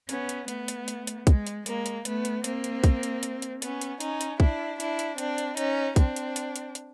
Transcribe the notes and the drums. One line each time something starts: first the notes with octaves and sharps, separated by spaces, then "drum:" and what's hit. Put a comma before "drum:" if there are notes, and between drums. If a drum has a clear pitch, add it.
B3 C#4, drum: hi-hat
drum: hi-hat
A3 B3, drum: hi-hat
drum: hi-hat
drum: hi-hat
drum: hi-hat
G#3, drum: kick, hi-hat
drum: hi-hat
G#3 A#3, drum: hi-hat
drum: hi-hat
A3 B3, drum: hi-hat
drum: hi-hat
A#3 C4, drum: hi-hat
drum: hi-hat
drum: kick, hi-hat
drum: hi-hat
drum: hi-hat
drum: hi-hat
B3 C#4, drum: hi-hat
drum: hi-hat
C#4 D#4, drum: hi-hat
drum: hi-hat
D4 E4, drum: kick
D4 E4, drum: hi-hat
drum: hi-hat
C4 D4, drum: hi-hat
drum: hi-hat
C#4 D#4, drum: hi-hat
C4 D4, drum: kick, hi-hat
drum: hi-hat
drum: hi-hat
drum: hi-hat
drum: hi-hat